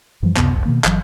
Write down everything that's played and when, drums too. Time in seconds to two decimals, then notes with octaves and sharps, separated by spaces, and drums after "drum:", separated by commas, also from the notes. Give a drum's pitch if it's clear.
0.23 F#2 E3 F3 G3
0.37 C#2 F#2 C3 B3, drum: clap
0.54 F1 C2 F#2
0.65 B2 D3 D#3 A#3
0.84 G1 E3 F#3, drum: clap